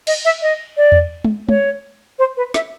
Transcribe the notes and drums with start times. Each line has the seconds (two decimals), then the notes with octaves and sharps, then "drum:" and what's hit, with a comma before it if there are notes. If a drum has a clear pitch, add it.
0.07 D#5, drum: cymbal
0.25 E5
0.42 D#5
0.77 D5
0.92 drum: tom E2
1.24 drum: tom
1.49 C#5, drum: tom
2.19 C5
2.37 B4
2.54 E5, drum: snare